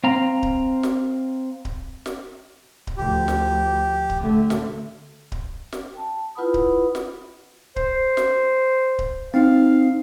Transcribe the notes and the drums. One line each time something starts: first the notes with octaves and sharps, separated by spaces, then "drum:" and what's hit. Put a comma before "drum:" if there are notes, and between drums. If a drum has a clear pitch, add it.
C4 F5 A#5
drum: kick D1
drum: snare
drum: kick D1
drum: snare
drum: kick D1
D2 F3 G4
drum: snare
drum: kick D1
D3 A3
drum: snare
drum: kick D1
drum: snare
G5 A5
E4 F4 B4 F#5 B5 D#6
drum: kick D1
drum: snare
C5, drum: kick D1
drum: snare
drum: kick D1
C4 D#4 F5